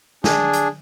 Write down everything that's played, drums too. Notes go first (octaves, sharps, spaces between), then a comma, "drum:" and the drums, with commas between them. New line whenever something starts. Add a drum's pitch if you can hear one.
D4 G#4, drum: snare
drum: hi-hat